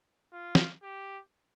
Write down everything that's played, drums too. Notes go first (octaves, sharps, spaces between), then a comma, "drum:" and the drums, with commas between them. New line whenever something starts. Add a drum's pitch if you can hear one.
F4
drum: snare
G4